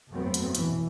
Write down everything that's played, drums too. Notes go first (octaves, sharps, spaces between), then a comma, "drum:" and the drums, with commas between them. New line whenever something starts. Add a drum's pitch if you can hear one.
G1 F2 F#3 A3 B3 C4
drum: hi-hat
B2 E3, drum: hi-hat